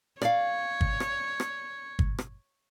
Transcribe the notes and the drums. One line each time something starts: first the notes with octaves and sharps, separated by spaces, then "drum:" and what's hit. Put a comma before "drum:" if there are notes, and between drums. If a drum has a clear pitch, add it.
C#5 D5 F5, drum: rim click
drum: kick G1
drum: rim click
drum: rim click
drum: kick G1
drum: rim click